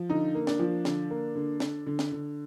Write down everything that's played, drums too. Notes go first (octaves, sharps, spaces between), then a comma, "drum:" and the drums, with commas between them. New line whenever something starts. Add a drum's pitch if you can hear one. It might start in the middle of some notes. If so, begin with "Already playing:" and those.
Already playing: F3
D3 D#4
A#3
D4, drum: snare
F3
D3, drum: snare
A#3
D3
D3, drum: snare
D3
drum: snare
D3